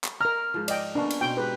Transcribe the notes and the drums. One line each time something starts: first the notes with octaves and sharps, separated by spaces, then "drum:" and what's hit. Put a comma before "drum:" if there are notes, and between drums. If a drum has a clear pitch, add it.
drum: clap
A#4 A#5 F6
G#2 F3
D5 D#5 G5, drum: cymbal
A#3 B3 C#4 D4
drum: cymbal
B2 C4 D#4 G5
G#2 G4 B4